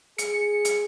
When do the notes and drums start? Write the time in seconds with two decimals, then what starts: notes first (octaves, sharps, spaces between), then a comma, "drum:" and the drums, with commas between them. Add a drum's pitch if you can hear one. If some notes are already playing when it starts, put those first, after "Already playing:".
0.18 G#4 C#7, drum: hi-hat
0.65 drum: hi-hat